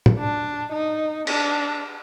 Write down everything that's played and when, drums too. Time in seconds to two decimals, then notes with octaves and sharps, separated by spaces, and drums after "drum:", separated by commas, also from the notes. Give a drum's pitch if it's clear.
0.06 drum: tom
0.18 D4
0.72 D#4
1.27 D4, drum: cymbal